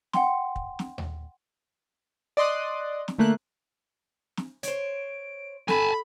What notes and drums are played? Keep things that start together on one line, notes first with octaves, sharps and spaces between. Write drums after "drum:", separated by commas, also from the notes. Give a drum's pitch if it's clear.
F#5 G5 C6, drum: snare
drum: kick
drum: snare
drum: tom D#2
D5 D#5 C6 D#6 F#6
drum: snare
D3 A3 A#3 F#6
drum: snare
C5 C#5 D7, drum: hi-hat
A4 G#5 A5 B5, drum: snare